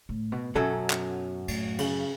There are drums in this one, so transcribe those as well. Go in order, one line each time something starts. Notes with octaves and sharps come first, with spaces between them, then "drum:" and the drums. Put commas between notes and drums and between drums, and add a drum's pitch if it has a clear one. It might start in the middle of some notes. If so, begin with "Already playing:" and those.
A2
B2
F#2 B2 F#3 C#4 A4
drum: clap
A2, drum: cymbal
C#3, drum: cymbal